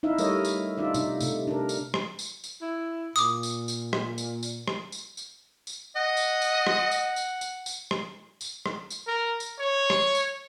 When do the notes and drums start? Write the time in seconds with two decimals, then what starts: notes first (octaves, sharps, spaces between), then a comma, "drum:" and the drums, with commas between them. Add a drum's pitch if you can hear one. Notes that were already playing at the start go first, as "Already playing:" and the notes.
0.03 D#4 E4 E5 F5
0.18 G3 A3 A#4 C#5 D#5 E5, drum: tambourine
0.45 drum: tambourine
0.78 D4 D#4 F4 D5 E5
0.94 C3 D#4, drum: tambourine
1.20 C3 A3, drum: tambourine
1.47 D4 A#4
1.69 drum: tambourine
1.94 drum: rim click
2.19 drum: tambourine
2.44 drum: tambourine
2.61 E4
3.16 A#2 D6 D#6, drum: tambourine
3.43 drum: tambourine
3.68 drum: tambourine
3.93 drum: rim click
4.18 drum: tambourine
4.43 drum: tambourine
4.68 drum: rim click
4.92 drum: tambourine
5.17 drum: tambourine
5.67 drum: tambourine
5.96 D#5 F#5
6.17 drum: tambourine
6.42 drum: tambourine
6.67 drum: rim click
6.91 drum: tambourine
7.16 drum: tambourine
7.41 drum: tambourine
7.66 drum: tambourine
7.91 drum: rim click
8.41 drum: tambourine
8.66 drum: rim click
8.90 drum: tambourine
9.07 A#4
9.40 drum: tambourine
9.59 C#5
9.90 drum: rim click
10.15 drum: tambourine